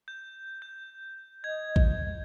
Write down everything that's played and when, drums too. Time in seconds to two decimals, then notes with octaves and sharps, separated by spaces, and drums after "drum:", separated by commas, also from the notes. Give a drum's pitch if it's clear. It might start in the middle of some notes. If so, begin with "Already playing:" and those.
0.08 G6
0.62 G6
1.44 D#5 G#6
1.76 drum: kick A1